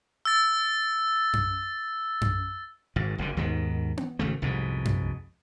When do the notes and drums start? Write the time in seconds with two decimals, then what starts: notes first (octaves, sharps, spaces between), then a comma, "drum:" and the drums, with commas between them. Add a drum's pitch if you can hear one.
0.25 E6 A6
1.33 drum: tom F#2
2.21 drum: tom F#2
2.96 G#1 G#2
3.18 F#1 F2 D3
3.37 D#2 G#2 B2 D#3
3.97 drum: tom B3
4.19 G#1 C#3 A3
4.42 C2 F2 G#2 B2
4.85 drum: tom F#2